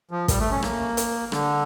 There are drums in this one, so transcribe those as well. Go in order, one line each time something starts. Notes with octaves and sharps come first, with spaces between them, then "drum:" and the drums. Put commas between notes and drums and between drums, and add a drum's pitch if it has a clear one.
F3
G3, drum: kick, hi-hat
A3
C#4
A#3, drum: rim click
drum: hi-hat
D3, drum: rim click